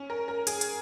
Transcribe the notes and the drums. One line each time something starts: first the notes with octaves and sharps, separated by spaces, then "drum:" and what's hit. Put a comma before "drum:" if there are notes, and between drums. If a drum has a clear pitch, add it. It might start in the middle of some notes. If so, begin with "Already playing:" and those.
Already playing: C#4
A#4
A#4
G#4, drum: hi-hat
drum: hi-hat